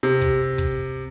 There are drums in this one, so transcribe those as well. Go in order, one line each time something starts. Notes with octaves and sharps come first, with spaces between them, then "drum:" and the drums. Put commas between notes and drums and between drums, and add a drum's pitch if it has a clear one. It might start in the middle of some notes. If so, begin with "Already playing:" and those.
C3
drum: kick
drum: kick